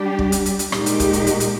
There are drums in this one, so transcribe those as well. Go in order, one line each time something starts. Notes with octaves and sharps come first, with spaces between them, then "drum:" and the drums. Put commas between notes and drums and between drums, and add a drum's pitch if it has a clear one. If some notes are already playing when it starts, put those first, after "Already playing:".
Already playing: G3 D4 G4
drum: kick
drum: hi-hat
drum: hi-hat
drum: hi-hat
A#2 G#3 D#4 G4, drum: rim click
drum: hi-hat
drum: kick, hi-hat
drum: hi-hat
drum: hi-hat
drum: hi-hat